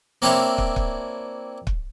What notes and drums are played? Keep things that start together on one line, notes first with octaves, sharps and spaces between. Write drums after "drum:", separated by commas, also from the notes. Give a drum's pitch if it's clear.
A#3 C4 D4 E4 C5 C#5
drum: kick
drum: kick
drum: kick